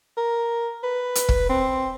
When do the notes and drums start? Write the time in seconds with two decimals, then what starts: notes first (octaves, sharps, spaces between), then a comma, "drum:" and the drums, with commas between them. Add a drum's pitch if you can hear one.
0.17 A#4
0.83 B4
1.15 drum: hi-hat
1.29 drum: kick
1.49 C4